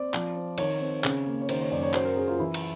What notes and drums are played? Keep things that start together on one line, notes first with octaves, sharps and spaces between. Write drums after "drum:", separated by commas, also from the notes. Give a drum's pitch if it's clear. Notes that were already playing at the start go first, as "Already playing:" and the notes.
Already playing: C4 D5
F3, drum: clap
C4
D#3 C#5, drum: cymbal
C4
C#3, drum: clap
A#3
C#5
D#3 C5, drum: cymbal
C#5
F#2 D5
C#5
F#3 C5, drum: clap
A#4
C#4 G#4
F4
E3 E4
drum: cymbal